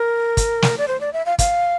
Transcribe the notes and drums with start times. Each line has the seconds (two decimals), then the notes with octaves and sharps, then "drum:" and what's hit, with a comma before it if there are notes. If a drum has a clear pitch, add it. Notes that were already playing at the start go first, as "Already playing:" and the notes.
Already playing: A#4
0.37 drum: kick, hi-hat
0.62 drum: snare
0.78 D5
0.88 C5
1.01 D5
1.13 E5
1.26 F5
1.39 F5, drum: kick, hi-hat